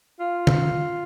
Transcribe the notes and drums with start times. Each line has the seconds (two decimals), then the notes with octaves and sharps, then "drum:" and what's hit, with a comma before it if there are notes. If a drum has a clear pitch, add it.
0.20 F4
0.47 drum: tom